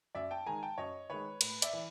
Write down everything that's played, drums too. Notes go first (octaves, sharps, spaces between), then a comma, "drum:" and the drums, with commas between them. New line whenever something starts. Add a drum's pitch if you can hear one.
F#2 D5 E5
G5 A5
D#3 G#3 G#5 A#5
G5 A5
F#2 C#5 D#5
D#3 G#3 B4 C#5
A2 B4, drum: cymbal
D5 E5, drum: hi-hat
E3